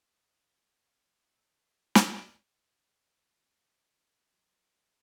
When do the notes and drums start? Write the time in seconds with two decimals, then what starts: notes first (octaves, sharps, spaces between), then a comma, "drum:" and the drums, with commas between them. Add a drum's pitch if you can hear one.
0.10 D#5
0.27 D#5
0.43 F5
0.60 A3
0.73 B4
0.85 F5
0.98 C4
1.15 B3
1.31 E5
1.44 D#4
1.58 A3
1.72 G#4
1.95 drum: snare
3.00 F#3
3.16 D3
3.31 D#3
3.51 A#3
3.68 D#4
4.34 F#3 C5 G5 B5